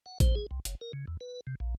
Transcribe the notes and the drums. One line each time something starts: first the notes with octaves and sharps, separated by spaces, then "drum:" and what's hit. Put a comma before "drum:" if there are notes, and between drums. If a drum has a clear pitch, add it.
F#5
C5, drum: kick, hi-hat
G#4
C2
F#1, drum: hi-hat
A#4
C#3
E2
B4
C3
A#1